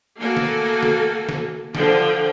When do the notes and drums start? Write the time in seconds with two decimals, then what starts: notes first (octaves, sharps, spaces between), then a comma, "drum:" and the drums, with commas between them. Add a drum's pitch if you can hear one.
0.20 A3 A#3 F#4 A4 G#5
0.37 drum: snare
0.83 drum: snare
1.29 drum: snare
1.75 D3 F3 G5, drum: snare